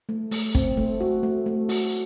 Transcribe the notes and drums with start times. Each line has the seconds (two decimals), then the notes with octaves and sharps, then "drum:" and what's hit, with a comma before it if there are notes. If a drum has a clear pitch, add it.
0.09 A3
0.31 A3, drum: open hi-hat
0.55 C4, drum: kick
0.77 A3
1.01 F#4
1.23 A3
1.46 A3
1.69 F#4, drum: open hi-hat